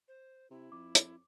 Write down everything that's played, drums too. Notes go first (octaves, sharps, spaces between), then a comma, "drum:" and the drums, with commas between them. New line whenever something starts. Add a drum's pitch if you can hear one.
C5
C3 E4
F2 D6
drum: hi-hat